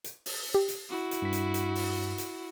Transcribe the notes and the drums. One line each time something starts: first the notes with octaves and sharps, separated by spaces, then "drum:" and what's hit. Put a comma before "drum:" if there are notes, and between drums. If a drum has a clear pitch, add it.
drum: hi-hat
drum: open hi-hat
G4
drum: hi-hat
E4 F#4
drum: hi-hat
G2 B6
drum: hi-hat
drum: hi-hat
drum: open hi-hat
drum: hi-hat